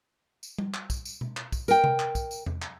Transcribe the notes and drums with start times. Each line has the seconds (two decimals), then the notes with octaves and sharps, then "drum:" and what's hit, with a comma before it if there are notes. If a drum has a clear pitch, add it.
0.43 drum: tambourine
0.58 drum: tom G3
0.74 drum: clap
0.90 drum: kick, tambourine
1.05 drum: tambourine
1.21 drum: tom B2
1.37 drum: clap
1.52 drum: kick, tambourine
1.68 A#4 G5, drum: tambourine
1.84 drum: tom C3
1.99 drum: clap
2.15 drum: kick, tambourine
2.31 drum: tambourine
2.46 drum: tom E2
2.62 drum: clap